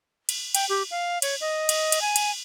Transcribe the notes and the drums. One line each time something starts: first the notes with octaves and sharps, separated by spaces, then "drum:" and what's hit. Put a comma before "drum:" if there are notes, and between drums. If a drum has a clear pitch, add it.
drum: cymbal
G5, drum: cymbal
G4
F5
C#5, drum: cymbal
D#5
drum: cymbal
drum: cymbal
G#5
drum: cymbal